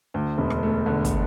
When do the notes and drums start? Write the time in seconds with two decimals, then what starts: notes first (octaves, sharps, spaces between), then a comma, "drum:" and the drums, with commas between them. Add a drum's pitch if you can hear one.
0.14 D2
0.38 E1
0.50 drum: rim click
0.63 A3
0.86 D3
1.05 drum: kick, hi-hat